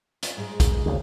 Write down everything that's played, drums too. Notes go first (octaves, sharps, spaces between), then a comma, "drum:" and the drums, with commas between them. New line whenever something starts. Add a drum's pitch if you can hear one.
F4, drum: hi-hat
G#2 G#3
drum: kick, hi-hat
D2 C#3